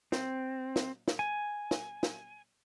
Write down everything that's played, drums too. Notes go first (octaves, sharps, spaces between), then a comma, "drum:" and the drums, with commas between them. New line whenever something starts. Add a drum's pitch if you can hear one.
C4, drum: snare
drum: snare
drum: snare
G#5
drum: snare
drum: snare